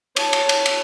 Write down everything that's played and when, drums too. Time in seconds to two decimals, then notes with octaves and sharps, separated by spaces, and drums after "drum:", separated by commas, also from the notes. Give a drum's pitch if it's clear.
0.16 C#5 A5, drum: cymbal
0.33 drum: cymbal
0.49 drum: cymbal
0.66 drum: cymbal